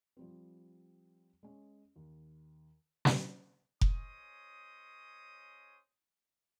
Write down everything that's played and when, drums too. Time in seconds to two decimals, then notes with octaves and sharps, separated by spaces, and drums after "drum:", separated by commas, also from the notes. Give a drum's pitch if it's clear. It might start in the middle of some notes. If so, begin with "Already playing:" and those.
0.17 F3 G3 C4
1.43 G#3 C#4
1.96 D#2
3.05 drum: snare
3.81 C#4 G#4 C5 C#5 D#5 D#6, drum: kick F1